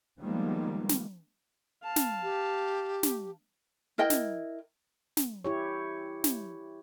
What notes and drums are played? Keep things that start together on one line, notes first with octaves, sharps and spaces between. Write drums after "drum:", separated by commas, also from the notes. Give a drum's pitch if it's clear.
D#3 F3 G3 G#3 A#3 B3
drum: snare
F5 A5
drum: snare
G4
drum: snare
E4 A#4 D#5 G5
drum: snare
drum: snare
E4 G4 C#5
drum: snare